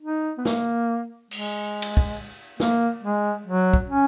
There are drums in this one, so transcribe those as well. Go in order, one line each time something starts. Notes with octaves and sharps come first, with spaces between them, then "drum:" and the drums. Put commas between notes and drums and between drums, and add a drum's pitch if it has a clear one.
D#4
B3
A#3, drum: snare
G#3, drum: cymbal
drum: cymbal
drum: kick
A#3, drum: snare
G#3
F#3
drum: kick
C#4